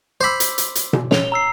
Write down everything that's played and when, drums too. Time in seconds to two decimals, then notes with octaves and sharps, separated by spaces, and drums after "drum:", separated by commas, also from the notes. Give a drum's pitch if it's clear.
0.21 C5 B5 C6 D6 E6
0.40 drum: hi-hat
0.58 drum: hi-hat
0.75 drum: hi-hat
0.93 drum: tom B2
1.11 C#5 F7 G7, drum: snare
1.32 A#5 E6 C7